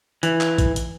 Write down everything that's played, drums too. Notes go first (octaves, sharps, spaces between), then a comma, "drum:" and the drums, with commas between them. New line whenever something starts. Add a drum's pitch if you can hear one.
E3, drum: hi-hat
drum: clap
drum: kick A#1, hi-hat
drum: hi-hat